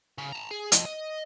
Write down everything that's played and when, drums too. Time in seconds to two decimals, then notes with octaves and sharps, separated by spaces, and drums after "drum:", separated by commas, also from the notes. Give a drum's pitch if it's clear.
0.18 C#3
0.32 A5 A#5
0.51 G#4
0.72 F3 D#5, drum: hi-hat
0.85 D#5